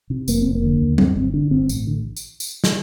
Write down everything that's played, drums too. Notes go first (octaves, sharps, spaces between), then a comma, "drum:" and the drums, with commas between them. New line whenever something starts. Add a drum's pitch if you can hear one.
C3
F1 A#3, drum: tambourine
F1 C4
A#3
D3
D#2
G2 C4, drum: tom F#3
G1 C4
D3 D4
G1 C4
A1, drum: tambourine
D3
drum: tambourine
drum: tambourine
drum: snare